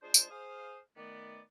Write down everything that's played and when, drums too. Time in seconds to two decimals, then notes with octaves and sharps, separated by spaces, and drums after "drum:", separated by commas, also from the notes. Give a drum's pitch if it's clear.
0.02 G#3 D4 F4 G#4 C5
0.14 drum: tambourine
0.31 G#4 C5 F5 D#6
0.97 D#3 A3 B3 D5